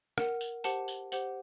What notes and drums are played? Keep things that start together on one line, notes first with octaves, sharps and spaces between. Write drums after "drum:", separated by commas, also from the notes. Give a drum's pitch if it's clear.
A#4 F#5, drum: rim click
drum: tambourine
G4 C5 F#5 A5, drum: tambourine
drum: tambourine
G4 C5 F#5, drum: tambourine